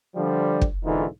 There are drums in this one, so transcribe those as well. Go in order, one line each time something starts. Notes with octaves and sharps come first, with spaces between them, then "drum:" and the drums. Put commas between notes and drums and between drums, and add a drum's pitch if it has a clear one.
D3 F3 G3
drum: kick
B1 G#2 D3 E3 D#4 F4